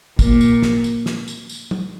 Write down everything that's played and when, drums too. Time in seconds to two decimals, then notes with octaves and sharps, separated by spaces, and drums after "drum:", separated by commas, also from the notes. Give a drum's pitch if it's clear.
0.19 A#2, drum: kick, tambourine
0.41 drum: tambourine
0.62 drum: snare
0.84 drum: tambourine
1.06 drum: snare
1.28 drum: tambourine
1.49 drum: tambourine
1.71 drum: tom